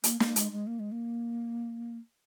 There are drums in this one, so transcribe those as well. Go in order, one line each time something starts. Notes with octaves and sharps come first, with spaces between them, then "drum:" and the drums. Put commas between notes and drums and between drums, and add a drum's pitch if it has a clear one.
A#3, drum: hi-hat
A#3, drum: snare
G#3, drum: hi-hat
G#3
A#3
G#3
A#3